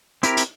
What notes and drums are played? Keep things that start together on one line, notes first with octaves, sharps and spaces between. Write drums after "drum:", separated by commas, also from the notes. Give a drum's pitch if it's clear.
C4 E4 G4 A#4, drum: hi-hat
drum: hi-hat